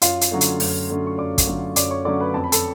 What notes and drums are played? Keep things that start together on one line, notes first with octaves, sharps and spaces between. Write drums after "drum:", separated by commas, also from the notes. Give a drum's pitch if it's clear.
F#2 F4 F5, drum: hi-hat
drum: hi-hat
D3 F#3 A3 C#4
drum: hi-hat
F#2, drum: open hi-hat
D3 F#3 A3 C#4
C#6
F#2 D5 D6
drum: kick, hi-hat
D3 F#3 A3 C#4
F#2 D5 D6, drum: hi-hat
C#5 C#6
D3 F#3 A3 C#4 D5 D6
B4 B5
F2 A5
B5
A4 A5, drum: hi-hat